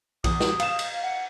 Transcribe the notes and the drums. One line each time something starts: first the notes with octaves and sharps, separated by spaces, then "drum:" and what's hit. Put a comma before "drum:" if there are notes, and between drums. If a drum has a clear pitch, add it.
E2 D#6, drum: kick B1, cymbal
drum: snare
F5 E7, drum: cymbal
drum: cymbal
F#5